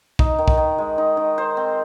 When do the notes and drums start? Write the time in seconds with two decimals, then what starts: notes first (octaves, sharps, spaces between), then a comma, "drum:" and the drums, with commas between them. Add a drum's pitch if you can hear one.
0.19 D#4, drum: kick
0.38 D#3
0.48 drum: kick
0.57 D#3
0.78 G#3
0.98 D#4
1.17 D#3
1.38 C5
1.57 C4